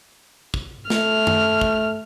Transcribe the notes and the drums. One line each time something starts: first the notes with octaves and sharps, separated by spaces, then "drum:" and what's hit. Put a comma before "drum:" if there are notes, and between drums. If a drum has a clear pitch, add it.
drum: kick
A3 F6, drum: snare
drum: tom F#2
drum: kick